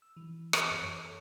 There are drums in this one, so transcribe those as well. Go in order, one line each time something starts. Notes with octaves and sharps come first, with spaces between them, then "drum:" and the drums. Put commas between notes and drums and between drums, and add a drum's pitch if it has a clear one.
E6
E3
drum: rim click
F#2
C#5
A4